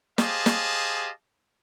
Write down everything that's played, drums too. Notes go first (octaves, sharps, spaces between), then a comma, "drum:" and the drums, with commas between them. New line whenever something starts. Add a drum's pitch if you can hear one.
G4 G#4 C5 D#5 F5 A5, drum: snare
drum: snare